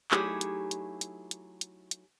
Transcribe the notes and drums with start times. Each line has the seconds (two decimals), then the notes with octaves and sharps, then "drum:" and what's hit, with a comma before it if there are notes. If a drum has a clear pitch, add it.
0.11 F#3 A3 D#4 E4 G4 G#4, drum: clap
0.41 drum: hi-hat
0.71 drum: hi-hat
1.01 drum: hi-hat
1.31 drum: hi-hat
1.61 drum: hi-hat
1.91 drum: hi-hat